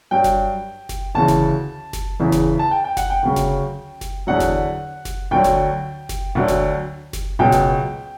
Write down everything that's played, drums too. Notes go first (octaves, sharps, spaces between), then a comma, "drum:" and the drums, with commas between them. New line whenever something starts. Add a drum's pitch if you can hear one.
G2 F#3 G5
drum: snare F#1
drum: snare F#1
D2 C#3 E3 A5
drum: snare F#1
drum: snare F#1
E2 C#3 E3
drum: snare F#1
A5
G5
G5
F#5, drum: snare F#1
G5
D2 C#3 F#3
drum: snare F#1
drum: snare F#1
E2 D3 F#3 F#5
drum: snare F#1
drum: snare F#1
D2 D3 F#3 G5
drum: snare F#1
drum: snare F#1
D2 D3 F#3
drum: snare F#1
drum: snare F#1
C#2 B2 F#3 G5
drum: snare F#1